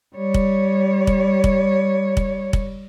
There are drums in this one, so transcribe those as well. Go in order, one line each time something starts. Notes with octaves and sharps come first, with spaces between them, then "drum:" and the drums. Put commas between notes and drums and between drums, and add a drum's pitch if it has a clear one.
G3 C#5
drum: kick
drum: kick
drum: kick
drum: kick
drum: kick